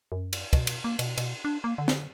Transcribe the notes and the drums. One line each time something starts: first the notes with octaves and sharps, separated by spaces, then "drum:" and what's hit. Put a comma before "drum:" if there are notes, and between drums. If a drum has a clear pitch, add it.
F#2
drum: cymbal
B2, drum: kick, cymbal
drum: cymbal
A#3
B2, drum: cymbal
B2, drum: cymbal
D4
A#3
D3
drum: snare